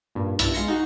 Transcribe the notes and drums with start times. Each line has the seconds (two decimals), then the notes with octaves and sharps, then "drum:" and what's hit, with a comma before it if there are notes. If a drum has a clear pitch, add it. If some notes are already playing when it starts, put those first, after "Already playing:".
0.15 G2 A#2
0.39 B1 G2 E4 E6 A6, drum: hi-hat
0.54 G#3 F4 C6 A#6 C#7
0.68 D#4 F#4